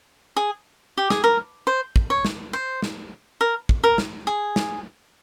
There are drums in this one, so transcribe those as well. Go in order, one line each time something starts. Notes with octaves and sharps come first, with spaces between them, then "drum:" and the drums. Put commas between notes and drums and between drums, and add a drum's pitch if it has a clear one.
G#4
G4
G#4, drum: snare
A#4
C5
drum: kick
C#5
drum: snare
C5
drum: snare
A#4
drum: kick
A#4
drum: snare
G#4
drum: snare